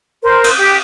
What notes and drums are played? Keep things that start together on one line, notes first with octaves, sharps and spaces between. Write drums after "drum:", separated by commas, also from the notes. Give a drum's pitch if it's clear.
A#4 C5
drum: cymbal
G4